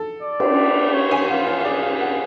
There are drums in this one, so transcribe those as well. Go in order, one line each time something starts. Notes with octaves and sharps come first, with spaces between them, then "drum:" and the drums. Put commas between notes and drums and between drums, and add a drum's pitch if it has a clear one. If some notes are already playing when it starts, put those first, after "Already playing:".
Already playing: A4
D5
drum: cymbal
C#5
G#5
F4 F#5
F5
F5
G#4 D5
F5
F#5